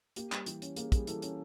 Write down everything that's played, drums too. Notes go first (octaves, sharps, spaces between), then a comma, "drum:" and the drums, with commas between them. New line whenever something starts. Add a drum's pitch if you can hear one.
A#3 G4, drum: hi-hat
G3, drum: clap
E3 G4, drum: hi-hat
C#4, drum: hi-hat
A#3 G#4, drum: hi-hat
G3 G#4, drum: kick, hi-hat
E3 A4, drum: hi-hat
C#4, drum: hi-hat